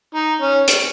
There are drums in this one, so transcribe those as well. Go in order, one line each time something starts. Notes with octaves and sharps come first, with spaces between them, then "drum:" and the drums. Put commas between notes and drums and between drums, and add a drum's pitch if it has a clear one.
D#4
C#4
drum: hi-hat